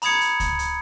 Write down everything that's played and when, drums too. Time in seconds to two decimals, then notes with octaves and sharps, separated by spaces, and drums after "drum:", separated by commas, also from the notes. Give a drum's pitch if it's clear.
0.02 A#5 B5 D#6 G#6 C#7, drum: hi-hat
0.21 drum: hi-hat
0.40 drum: kick C#2, hi-hat
0.59 drum: hi-hat